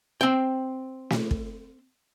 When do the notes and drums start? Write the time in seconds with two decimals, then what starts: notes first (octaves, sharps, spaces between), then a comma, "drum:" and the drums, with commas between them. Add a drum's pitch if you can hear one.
0.21 C4 G5
1.10 drum: snare
1.31 drum: kick